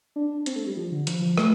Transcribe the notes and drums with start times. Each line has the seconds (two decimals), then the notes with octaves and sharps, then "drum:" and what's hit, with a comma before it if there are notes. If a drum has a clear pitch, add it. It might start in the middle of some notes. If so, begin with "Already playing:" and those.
0.16 D4
0.46 C4, drum: hi-hat
0.56 A3
0.66 G3
0.76 F3
0.92 D3
1.07 F3, drum: hi-hat
1.22 F3
1.38 A3, drum: rim click